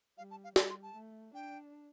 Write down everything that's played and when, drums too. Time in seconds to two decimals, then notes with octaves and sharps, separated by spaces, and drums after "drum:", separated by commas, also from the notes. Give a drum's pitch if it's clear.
0.18 G3 F5
0.31 A5
0.44 F5
0.56 G3 C6, drum: snare
0.70 C6
0.83 A5
0.95 A3
1.34 D4 G5